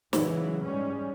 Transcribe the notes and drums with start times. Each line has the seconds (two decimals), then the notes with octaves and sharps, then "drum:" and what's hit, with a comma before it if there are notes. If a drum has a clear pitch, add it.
0.13 C#3 E3 F#3 G#3, drum: snare
0.64 G#2 G3 G#3 C#4